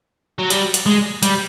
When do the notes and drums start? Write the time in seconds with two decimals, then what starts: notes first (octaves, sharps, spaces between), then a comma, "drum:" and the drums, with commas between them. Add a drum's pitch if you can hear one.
0.39 F#3
0.50 G3, drum: hi-hat
0.74 drum: hi-hat
0.86 G#3
1.23 G3, drum: hi-hat